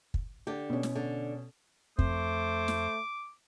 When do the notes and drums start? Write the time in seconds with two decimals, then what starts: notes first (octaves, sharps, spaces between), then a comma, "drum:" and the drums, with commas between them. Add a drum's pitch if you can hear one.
0.14 drum: kick
0.47 D3 G4
0.70 B2 C#4
0.83 drum: snare
0.95 D3
1.99 F2 A3 C5 D6, drum: kick
2.68 drum: snare